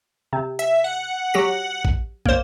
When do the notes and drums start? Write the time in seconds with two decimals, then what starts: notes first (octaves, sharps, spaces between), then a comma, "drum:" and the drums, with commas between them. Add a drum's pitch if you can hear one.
0.33 C3
0.59 E5, drum: hi-hat
0.84 F#5
1.34 F#3 G4 A#6
1.85 drum: kick
2.26 A#3 C5, drum: kick